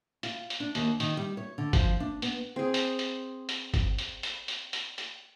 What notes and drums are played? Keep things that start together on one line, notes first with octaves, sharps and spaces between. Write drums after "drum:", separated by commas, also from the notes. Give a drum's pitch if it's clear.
F4, drum: hi-hat
drum: hi-hat
D4
D#2, drum: hi-hat
D#3, drum: hi-hat
G3
C#5
D3
F3, drum: kick G1, hi-hat
D4
B3, drum: hi-hat
C4 G#4
drum: hi-hat
drum: hi-hat
drum: hi-hat
drum: kick G1, hi-hat
drum: hi-hat
drum: hi-hat
drum: hi-hat
drum: hi-hat
drum: hi-hat